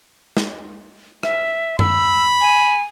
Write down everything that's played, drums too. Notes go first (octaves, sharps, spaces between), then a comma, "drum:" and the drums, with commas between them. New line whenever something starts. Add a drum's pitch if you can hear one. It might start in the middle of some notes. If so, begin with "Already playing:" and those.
drum: snare
E5, drum: rim click
B5 E6, drum: tom F#2
G#5